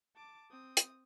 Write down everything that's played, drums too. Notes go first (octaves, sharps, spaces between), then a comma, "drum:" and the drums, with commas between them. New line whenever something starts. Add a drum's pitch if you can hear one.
A5 D6
C4 D#6
drum: hi-hat